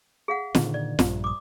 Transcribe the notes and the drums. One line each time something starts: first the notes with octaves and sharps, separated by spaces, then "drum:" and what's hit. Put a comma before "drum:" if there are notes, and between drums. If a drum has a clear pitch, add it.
G#4 F5 F#5
A#2 D3 D#3, drum: snare
D5
A#1 G2, drum: snare
D6 D#6